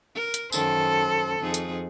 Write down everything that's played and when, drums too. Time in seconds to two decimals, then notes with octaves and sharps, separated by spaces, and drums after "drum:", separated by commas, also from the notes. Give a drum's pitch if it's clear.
0.15 A#4
0.34 drum: hi-hat
0.52 F#2 D#3 A4 C5, drum: tambourine
1.40 F2 D#4 G#4
1.54 drum: hi-hat